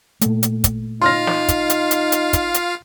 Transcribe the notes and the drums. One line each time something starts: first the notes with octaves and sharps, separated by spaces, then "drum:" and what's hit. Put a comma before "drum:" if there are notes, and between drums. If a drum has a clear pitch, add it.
A#2 A3, drum: hi-hat
drum: hi-hat
drum: kick, hi-hat
D#4 F4 F5 C6 F6 A#6
drum: snare
drum: kick, hi-hat
drum: hi-hat
drum: hi-hat
drum: hi-hat
drum: kick, hi-hat
drum: hi-hat